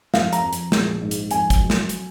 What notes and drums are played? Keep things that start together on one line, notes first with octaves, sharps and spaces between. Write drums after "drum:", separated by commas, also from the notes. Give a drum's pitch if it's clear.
F2 F5, drum: snare
A#5, drum: hi-hat
F2
drum: hi-hat
A#1, drum: snare
G#2
drum: hi-hat
F2 G#5, drum: hi-hat
drum: kick, hi-hat
F#3
drum: snare
drum: hi-hat